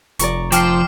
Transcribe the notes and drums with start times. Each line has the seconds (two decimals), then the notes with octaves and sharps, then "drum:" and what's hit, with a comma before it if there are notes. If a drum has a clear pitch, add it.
0.19 F1 D5 A#5 C#6, drum: hi-hat
0.52 F3 G5 D6 F6 C7, drum: hi-hat